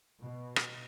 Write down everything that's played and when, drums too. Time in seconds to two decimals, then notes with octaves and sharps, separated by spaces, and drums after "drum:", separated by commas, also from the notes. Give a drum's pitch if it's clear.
0.22 B2
0.56 drum: rim click